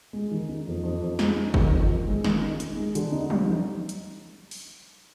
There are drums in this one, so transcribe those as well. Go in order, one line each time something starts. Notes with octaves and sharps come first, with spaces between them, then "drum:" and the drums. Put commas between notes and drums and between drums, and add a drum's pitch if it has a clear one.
G#3
D#3
D#4
F2
F2
F2
G#3, drum: snare
D#4
D#3, drum: kick
F2
D#3
G#3
D#3, drum: snare
D#4
D#4, drum: hi-hat
G#3
D3, drum: hi-hat
D#4
G3, drum: tom
D#4
drum: hi-hat
drum: open hi-hat